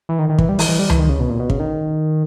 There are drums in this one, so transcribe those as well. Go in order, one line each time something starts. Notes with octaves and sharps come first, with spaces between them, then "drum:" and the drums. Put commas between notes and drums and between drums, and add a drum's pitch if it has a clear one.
E3
D#3
D#3
E3, drum: kick
G3
E3, drum: open hi-hat
E3
G3
E3, drum: tom C#2
D#3
C#3
B2
A#2
B2
C#3, drum: kick
D#3